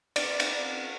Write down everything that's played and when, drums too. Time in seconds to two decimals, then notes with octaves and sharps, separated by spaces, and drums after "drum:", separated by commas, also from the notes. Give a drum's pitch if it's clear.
0.16 D5, drum: cymbal
0.40 drum: cymbal